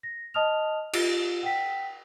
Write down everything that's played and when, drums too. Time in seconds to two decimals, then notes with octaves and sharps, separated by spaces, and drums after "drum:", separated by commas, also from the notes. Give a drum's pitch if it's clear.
0.03 A#6
0.34 D#5 A5 D#6 F6 F7
0.93 F4 G4, drum: cymbal
1.43 F#5 G5 B6